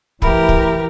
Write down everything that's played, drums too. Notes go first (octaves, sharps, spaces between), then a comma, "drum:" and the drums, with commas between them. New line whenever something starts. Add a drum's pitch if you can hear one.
E3 A3 G4 A#4 E5 B5, drum: kick
drum: kick